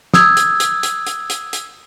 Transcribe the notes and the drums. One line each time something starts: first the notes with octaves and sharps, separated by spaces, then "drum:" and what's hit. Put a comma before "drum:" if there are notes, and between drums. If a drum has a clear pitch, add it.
D#6 E6 G#6, drum: snare
drum: hi-hat
drum: hi-hat
drum: hi-hat
drum: hi-hat
drum: hi-hat
drum: hi-hat